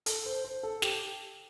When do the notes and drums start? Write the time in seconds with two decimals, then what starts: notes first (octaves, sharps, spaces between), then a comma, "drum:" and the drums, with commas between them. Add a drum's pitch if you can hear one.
0.06 A4, drum: hi-hat
0.26 C5
0.44 C5
0.63 A4
0.82 G4, drum: snare